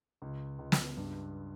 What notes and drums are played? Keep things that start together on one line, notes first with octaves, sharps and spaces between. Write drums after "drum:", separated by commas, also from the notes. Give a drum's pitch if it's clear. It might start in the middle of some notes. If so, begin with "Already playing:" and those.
C#2
C#2
drum: snare
G2